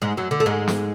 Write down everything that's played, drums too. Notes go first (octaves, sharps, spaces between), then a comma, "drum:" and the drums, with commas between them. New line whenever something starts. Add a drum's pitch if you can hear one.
G#2 G#3
F#2 F#3
D3
A3
G#2 G#3
drum: snare